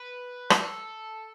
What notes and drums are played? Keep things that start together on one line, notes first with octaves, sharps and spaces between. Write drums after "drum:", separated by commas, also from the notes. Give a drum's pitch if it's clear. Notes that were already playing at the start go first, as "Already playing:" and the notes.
Already playing: B4
A4, drum: rim click